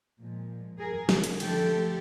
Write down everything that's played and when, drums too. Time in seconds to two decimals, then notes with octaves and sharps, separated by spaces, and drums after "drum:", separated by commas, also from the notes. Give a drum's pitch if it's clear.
0.20 A#2 F3 G#3
0.80 G#4 A#4
1.09 drum: snare
1.24 drum: hi-hat
1.40 D3 F3 A3 G4 A4, drum: cymbal